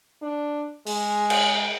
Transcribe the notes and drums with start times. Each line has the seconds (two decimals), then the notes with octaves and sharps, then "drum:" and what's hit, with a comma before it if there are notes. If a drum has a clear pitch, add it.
0.22 D4
0.87 G#3, drum: open hi-hat
1.30 drum: cymbal